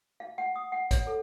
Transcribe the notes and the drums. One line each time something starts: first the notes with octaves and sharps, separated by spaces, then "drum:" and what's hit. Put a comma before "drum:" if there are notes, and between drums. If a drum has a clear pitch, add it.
F5
F#5
D#6
F#5
C#5, drum: kick, hi-hat
A4